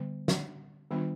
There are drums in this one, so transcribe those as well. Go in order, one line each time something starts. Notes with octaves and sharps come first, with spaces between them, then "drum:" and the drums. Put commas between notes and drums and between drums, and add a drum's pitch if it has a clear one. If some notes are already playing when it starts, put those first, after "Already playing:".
Already playing: D3 G3 B3
drum: snare
D#3 G3 B3 D4 F4